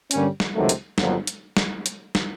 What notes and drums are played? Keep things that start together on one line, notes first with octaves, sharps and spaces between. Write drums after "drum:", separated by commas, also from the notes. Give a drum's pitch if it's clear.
G2 D3 G3 A#3 C#4, drum: hi-hat
drum: snare
C#2 C3 D#3 F#3 A3
drum: hi-hat
G1 F2 D3 F#3 A#3, drum: snare
drum: hi-hat
drum: snare
drum: hi-hat
drum: snare